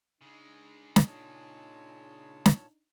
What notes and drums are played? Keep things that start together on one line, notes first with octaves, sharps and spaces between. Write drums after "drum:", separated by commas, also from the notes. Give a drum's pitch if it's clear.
C#3 G#3 D4 D#4
drum: snare
A#2 C#5 A5
drum: snare